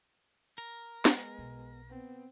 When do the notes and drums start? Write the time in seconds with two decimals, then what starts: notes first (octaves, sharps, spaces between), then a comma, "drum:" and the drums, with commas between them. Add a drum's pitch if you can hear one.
0.58 A#4
1.05 G#3 B3, drum: snare
1.38 B1
1.89 B3 C4